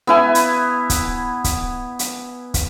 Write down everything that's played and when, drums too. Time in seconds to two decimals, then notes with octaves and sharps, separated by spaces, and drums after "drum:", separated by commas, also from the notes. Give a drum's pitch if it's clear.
0.07 B3 E4 G#5
0.35 drum: hi-hat
0.90 drum: kick, hi-hat
1.44 drum: kick, hi-hat
1.99 drum: hi-hat
2.54 drum: kick, hi-hat